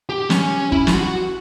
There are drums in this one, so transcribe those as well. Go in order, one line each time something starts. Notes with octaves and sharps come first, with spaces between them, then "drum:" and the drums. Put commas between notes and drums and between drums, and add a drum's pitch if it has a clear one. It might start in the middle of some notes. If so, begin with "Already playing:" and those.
G4
C#4, drum: snare
E4, drum: kick
G4, drum: snare
F#4